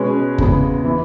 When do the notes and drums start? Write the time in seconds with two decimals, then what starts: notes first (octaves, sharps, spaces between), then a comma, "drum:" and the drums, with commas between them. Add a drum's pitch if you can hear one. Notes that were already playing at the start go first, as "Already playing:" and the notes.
Already playing: B2 G#3 C#4 G#4 B4
0.38 E2 C#3 G#3 B3, drum: kick F#1
0.84 E3 B3 E4